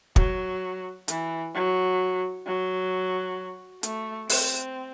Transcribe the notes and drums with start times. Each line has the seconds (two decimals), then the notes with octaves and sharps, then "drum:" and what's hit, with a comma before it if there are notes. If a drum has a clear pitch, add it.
0.16 F#3, drum: kick
1.08 E3, drum: hi-hat
1.54 F#3
2.46 F#3
3.83 A3, drum: hi-hat
4.29 C4, drum: open hi-hat